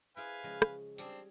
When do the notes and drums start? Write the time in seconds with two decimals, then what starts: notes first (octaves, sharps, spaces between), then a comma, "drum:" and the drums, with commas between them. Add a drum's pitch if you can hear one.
0.17 E4 G#4 B4 C5 F5 G#5
0.44 C#3 F3 G#3
0.62 drum: rim click
0.98 G3 C4 D4 G#4, drum: tambourine